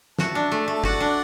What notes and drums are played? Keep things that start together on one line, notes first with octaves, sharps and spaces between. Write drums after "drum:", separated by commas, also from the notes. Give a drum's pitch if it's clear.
F#4 E5 A5, drum: snare
D4
A3
A3
A5
F#4 D5 F#5, drum: kick
D4